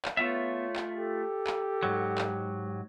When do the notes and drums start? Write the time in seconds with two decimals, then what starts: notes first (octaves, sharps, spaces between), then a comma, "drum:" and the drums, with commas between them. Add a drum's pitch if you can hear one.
0.05 drum: clap
0.17 A3 B3 F4 C#5 E5
0.76 drum: clap
0.96 G4 A4
1.47 drum: clap
1.83 G#2 F#3
2.18 drum: clap